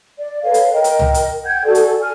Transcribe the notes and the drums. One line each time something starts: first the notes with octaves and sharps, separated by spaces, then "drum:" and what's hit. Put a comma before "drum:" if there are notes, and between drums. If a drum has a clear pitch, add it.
D5
A4 B4 C#5 F5
drum: hi-hat
A#4 D#5 G5
drum: hi-hat
drum: tom C2
drum: hi-hat
F#5 G5 G6 G#6
F#4 A4 D5 G#5
drum: hi-hat
G#5 F6